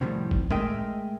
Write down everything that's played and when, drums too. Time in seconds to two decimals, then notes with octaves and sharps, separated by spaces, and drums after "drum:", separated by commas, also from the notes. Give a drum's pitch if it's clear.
0.01 C2 A2 C3 D#3 F3 G3
0.31 drum: kick G1
0.51 G#3 A3 A#4 D#5 E5 G5, drum: tom A2